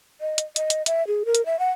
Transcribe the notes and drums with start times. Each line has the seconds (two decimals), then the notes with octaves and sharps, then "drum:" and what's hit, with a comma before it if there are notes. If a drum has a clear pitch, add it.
0.21 D#5
0.38 drum: hi-hat
0.56 D#5, drum: hi-hat
0.70 drum: hi-hat
0.86 E5, drum: hi-hat
1.07 G#4
1.26 A#4
1.35 drum: hi-hat
1.46 E5
1.59 F#5